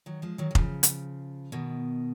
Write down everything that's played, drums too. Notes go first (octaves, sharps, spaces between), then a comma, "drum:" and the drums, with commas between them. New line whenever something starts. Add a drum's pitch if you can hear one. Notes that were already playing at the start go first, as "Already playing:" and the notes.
D#3 F#3
F3 G#3
D#3 F#3
D#3
C#3 F3, drum: kick F1
drum: hi-hat
B2 D#3